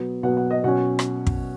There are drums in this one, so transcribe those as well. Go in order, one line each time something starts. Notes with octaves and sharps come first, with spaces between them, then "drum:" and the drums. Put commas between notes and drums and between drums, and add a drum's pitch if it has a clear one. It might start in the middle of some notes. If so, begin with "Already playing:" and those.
Already playing: B2 F#3 B3
B2 F#3 B3 F#5
F#5
D#5
B2 F#3 C#4 F#5
drum: rim click
drum: kick